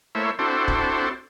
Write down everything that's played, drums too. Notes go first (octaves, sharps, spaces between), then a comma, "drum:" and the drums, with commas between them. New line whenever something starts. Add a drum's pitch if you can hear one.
A3 A#3 E4 C5 C#5 E5
C4 D4 E4 F#4 A4 C5
drum: kick